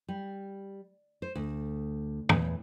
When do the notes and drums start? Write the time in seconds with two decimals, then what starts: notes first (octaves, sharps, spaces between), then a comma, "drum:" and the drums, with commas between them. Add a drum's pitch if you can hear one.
0.08 G3
1.22 C5
1.35 D2
2.29 E2, drum: tom